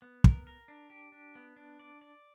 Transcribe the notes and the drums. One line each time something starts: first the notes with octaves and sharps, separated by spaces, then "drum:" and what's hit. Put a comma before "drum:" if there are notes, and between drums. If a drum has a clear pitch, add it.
B3
A#4, drum: kick
A#4
D4
G4
D4
B3
D4
D5
D5